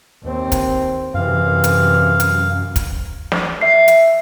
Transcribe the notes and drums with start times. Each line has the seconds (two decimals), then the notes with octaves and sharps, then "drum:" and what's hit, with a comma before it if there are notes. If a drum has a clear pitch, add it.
0.24 D#2 C4
0.52 drum: kick, hi-hat
1.14 F#2 C3 E3 F5
1.64 drum: hi-hat
2.20 drum: hi-hat
2.76 drum: kick, hi-hat
3.32 drum: snare
3.61 E5 C7
3.88 drum: hi-hat